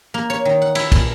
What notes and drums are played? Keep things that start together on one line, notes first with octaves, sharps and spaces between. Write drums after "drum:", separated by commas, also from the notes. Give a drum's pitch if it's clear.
A#3
C#5
D#3
F#5
E4, drum: cymbal
A#2, drum: kick, cymbal